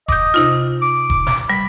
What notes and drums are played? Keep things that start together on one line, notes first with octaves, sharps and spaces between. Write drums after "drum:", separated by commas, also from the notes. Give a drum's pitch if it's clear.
D#5 D6 G6, drum: kick E1
C3 D#4 F4
D6
drum: kick E1
drum: snare
G3 B5